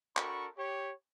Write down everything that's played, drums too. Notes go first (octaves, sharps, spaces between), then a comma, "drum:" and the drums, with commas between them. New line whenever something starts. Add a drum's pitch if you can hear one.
D4 F#4 A4 A#4 B5 C#6, drum: clap
G4 C#5